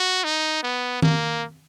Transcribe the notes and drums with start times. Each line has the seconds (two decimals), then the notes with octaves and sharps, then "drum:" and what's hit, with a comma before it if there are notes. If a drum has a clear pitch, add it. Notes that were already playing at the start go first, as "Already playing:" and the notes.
Already playing: F#4
0.24 D#4
0.63 B3
1.02 A#3, drum: tom D#3